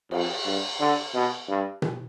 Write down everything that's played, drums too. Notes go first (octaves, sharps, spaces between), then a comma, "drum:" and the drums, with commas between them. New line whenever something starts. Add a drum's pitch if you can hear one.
F2, drum: cymbal
G2
D3
B2
G2
drum: tom B2